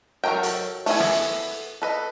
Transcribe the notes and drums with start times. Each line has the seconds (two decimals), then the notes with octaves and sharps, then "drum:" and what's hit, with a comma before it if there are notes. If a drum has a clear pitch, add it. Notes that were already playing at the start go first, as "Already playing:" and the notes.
0.24 F#3 A3 A#3 A#4 G5
0.43 drum: hi-hat
0.86 A3 B3 E4 G#5, drum: open hi-hat
1.00 drum: rim click
1.82 A4 B4 D#5